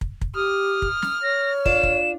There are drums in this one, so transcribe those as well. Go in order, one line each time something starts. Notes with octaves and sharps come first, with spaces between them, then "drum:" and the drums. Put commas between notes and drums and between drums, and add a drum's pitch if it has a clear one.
drum: kick
drum: kick
G4 D#6 F6
drum: kick
drum: snare
C#5 A#6
D4 F4 D5 E7, drum: kick
drum: kick